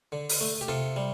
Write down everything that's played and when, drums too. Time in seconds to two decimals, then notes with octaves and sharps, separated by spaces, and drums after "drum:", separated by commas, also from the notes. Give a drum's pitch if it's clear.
0.12 D3
0.29 drum: open hi-hat
0.41 A3
0.61 G4
0.68 C3 F4 A4
0.96 G3